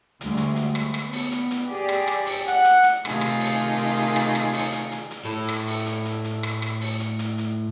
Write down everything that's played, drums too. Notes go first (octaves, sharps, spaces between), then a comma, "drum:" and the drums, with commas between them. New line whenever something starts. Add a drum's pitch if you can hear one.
D2 G3 G#3, drum: hi-hat
drum: hi-hat
drum: hi-hat
drum: rim click
drum: rim click
B3
drum: open hi-hat
drum: hi-hat
drum: hi-hat
G4 G#4 D5
drum: rim click
drum: rim click
drum: open hi-hat
F#5, drum: hi-hat
drum: hi-hat
drum: hi-hat
C3 D#3 A3 D#4 F4 G#4, drum: rim click
drum: rim click
drum: open hi-hat
drum: hi-hat
drum: hi-hat
drum: rim click
drum: rim click
drum: open hi-hat
drum: hi-hat
drum: hi-hat
drum: hi-hat
A2 A4
drum: rim click
drum: open hi-hat
drum: hi-hat
drum: hi-hat
drum: hi-hat
drum: rim click
drum: rim click
drum: open hi-hat
drum: hi-hat
drum: hi-hat
drum: hi-hat